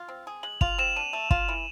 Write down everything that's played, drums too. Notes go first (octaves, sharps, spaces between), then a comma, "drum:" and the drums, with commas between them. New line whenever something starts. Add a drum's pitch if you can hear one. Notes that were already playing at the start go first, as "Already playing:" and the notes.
Already playing: F4
C4
G#4
G#3 F#7
F4 F7, drum: kick
C4 E7
D4 D#7
A3
F4, drum: kick
E3